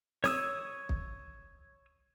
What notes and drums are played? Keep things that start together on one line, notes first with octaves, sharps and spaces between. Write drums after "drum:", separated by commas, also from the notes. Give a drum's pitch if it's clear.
C#5 D#6 E6, drum: snare
drum: kick